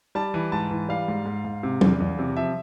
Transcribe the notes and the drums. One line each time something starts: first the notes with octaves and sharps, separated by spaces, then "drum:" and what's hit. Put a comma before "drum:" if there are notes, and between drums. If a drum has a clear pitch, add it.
G3 A5
E3
G#2 A5
E3
G3 F5
G#2
G#2
G#2
C3
E2, drum: tom F#3
E2
C3
F3 E5